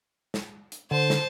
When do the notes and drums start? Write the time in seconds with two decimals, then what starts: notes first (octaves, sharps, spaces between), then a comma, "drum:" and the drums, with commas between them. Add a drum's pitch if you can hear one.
0.34 drum: snare
0.72 drum: hi-hat
0.91 D3 C5 A5
1.10 drum: snare